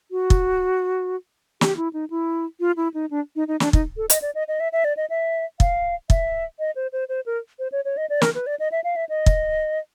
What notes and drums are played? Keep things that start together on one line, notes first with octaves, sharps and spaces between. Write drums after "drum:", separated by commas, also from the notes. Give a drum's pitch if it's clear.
F#4
drum: kick
G4, drum: snare
E4
D#4
E4
F4
E4
D#4
D4
D#4
D#4
D4, drum: snare
D#4, drum: kick
A4
D#5, drum: hi-hat
D5
D#5
D#5
E5
E5
D5
D#5
E5
F5, drum: kick
E5, drum: kick
D#5
C5
C5
C5
A#4
C5
C#5
C#5
D#5
D5
A#4, drum: snare
B4
D5
D#5
E5
F5
E5
D#5
drum: kick